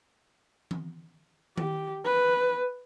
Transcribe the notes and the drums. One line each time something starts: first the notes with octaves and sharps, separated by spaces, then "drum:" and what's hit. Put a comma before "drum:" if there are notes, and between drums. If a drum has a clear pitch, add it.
drum: tom E3
G4, drum: tom D#3
B4